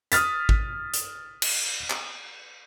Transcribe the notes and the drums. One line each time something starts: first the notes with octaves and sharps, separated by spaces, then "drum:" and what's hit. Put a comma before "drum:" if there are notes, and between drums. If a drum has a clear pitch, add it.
D#6 F6 A6 B6, drum: hi-hat
drum: kick
drum: hi-hat
drum: cymbal
drum: clap